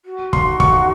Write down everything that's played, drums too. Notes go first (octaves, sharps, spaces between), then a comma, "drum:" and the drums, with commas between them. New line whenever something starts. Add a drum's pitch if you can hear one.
F#4
C6, drum: kick
C#6, drum: kick